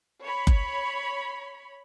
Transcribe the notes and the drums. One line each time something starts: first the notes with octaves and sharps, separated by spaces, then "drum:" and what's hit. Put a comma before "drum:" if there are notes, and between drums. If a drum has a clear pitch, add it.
C#5 B5
drum: kick F#1